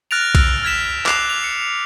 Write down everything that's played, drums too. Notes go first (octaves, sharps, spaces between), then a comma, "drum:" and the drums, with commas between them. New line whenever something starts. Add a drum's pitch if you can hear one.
F6 F#6 A6 A#6 D7 F7
E6 F6 D7, drum: kick B1, cymbal
F6 G#6 B6 E7
D6 F#6 C7 E7 F7, drum: clap
F7
C#7